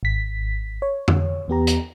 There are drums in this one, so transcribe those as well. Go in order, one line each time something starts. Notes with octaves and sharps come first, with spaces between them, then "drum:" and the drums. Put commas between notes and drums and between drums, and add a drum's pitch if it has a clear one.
G#1 B6
C#5
drum: tom F2
E2 B3 G4 A#5
drum: hi-hat